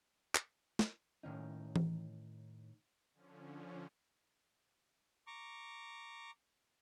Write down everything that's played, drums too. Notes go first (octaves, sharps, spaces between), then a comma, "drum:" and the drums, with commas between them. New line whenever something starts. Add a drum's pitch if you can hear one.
drum: clap
drum: snare
A2 D#3 C#4 D#4
drum: tom E3
D3 F3 C#4
A#5 C#6 D6